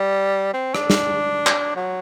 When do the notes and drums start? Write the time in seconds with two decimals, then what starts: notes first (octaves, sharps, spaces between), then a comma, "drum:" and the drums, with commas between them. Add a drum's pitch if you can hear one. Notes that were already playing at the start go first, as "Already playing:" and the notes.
Already playing: G3
0.54 C4
0.75 D4, drum: rim click
0.90 drum: snare
1.46 drum: clap
1.76 F#3